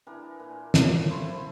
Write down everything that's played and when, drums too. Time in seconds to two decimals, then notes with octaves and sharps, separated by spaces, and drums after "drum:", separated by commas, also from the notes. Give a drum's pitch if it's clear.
0.07 E3 D4 G#4 A#4
0.40 A#2
0.74 A3 A#3, drum: snare
0.86 C#6
1.10 F3 E4 C5